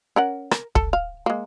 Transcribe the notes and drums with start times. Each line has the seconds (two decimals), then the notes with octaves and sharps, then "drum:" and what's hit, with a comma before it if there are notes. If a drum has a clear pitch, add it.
0.16 C#4 A#4 F#5
0.51 A#4, drum: rim click
0.75 A4, drum: kick
0.93 F5
1.26 G#3 A#3